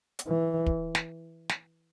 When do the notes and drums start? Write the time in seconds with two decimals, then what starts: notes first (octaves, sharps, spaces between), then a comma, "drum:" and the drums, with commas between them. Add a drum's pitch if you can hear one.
0.19 drum: hi-hat
0.28 E3
0.66 drum: kick
0.95 drum: snare
1.49 drum: snare